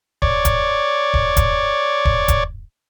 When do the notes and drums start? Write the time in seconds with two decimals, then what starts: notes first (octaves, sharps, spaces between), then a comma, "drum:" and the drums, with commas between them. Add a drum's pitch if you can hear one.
0.22 C#5 D5, drum: kick
0.45 drum: kick, hi-hat
1.14 drum: kick
1.37 drum: kick, hi-hat
2.05 drum: kick
2.28 drum: kick, hi-hat